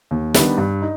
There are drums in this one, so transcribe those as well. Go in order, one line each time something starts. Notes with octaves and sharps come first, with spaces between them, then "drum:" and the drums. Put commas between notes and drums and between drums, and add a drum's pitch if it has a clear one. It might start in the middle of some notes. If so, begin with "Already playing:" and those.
D#2
D#3 G3 B3 D4, drum: snare
G2
D#4